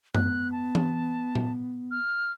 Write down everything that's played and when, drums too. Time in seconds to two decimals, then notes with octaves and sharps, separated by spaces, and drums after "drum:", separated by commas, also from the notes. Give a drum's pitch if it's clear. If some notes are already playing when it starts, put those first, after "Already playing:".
0.15 B3 F#6, drum: tom F#2
0.52 A5
0.75 drum: tom E3
1.35 drum: tom A#2
1.91 F6